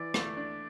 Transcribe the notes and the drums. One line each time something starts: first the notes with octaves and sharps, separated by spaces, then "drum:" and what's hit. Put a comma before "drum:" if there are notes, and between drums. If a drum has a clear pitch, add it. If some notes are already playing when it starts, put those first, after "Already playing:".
Already playing: E3 D5
A3, drum: rim click
D4